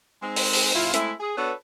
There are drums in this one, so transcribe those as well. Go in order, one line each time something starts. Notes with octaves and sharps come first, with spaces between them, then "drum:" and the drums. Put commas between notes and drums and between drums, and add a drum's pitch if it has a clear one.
G#3 C4 D#4
drum: open hi-hat
drum: open hi-hat
F#2 A#2 E4 F4
G#3 A3 C4 E4, drum: hi-hat
G#4
B3 D4 F#4 A4 B4 C#5